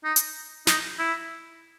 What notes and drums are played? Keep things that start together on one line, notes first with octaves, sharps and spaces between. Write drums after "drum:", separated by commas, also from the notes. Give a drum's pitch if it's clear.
D#4
drum: hi-hat
D#4, drum: snare
E4